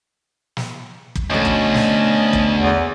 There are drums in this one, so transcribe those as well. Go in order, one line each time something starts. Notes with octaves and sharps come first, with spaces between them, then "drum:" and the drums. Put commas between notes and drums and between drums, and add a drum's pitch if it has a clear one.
drum: snare
drum: kick
D2 B2 A3 C#4 D#5 A5
drum: kick
drum: snare
drum: kick
E2